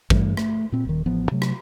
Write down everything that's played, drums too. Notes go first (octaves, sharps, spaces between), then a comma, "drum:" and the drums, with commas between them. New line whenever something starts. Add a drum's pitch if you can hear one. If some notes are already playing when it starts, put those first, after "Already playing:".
G2 E3 G3 A3, drum: kick G#1
A3, drum: rim click
A#2 C4
D#1 D#3
A1 F3 B3
C3 F#3 A3
drum: rim click